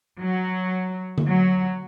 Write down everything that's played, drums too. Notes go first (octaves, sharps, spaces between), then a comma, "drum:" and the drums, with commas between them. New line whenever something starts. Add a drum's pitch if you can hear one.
F#3
drum: tom D3
F#3